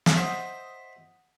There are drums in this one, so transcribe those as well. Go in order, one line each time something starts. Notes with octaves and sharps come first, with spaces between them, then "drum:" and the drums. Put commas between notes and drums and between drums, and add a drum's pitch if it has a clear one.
drum: snare
C5 D#5 E5 F#5 D#6 G6